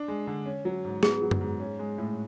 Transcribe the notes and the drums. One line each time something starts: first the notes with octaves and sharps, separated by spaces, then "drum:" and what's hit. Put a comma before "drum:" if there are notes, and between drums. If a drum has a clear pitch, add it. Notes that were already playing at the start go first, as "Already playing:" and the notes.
Already playing: D4
G#3
D3
C#4
F#3
G#2
B3 G#4, drum: snare
F#3
drum: tom F#2
G#2
C#4
G#3
A2